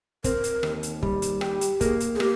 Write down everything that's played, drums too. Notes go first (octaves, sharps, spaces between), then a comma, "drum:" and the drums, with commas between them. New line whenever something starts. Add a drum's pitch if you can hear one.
C4 A#4, drum: kick, hi-hat
drum: hi-hat
D#2, drum: rim click
drum: hi-hat
G3, drum: kick
drum: hi-hat
G4, drum: rim click
drum: hi-hat
A#3 G#4, drum: kick, hi-hat
drum: hi-hat
G#4
A#3 G4, drum: rim click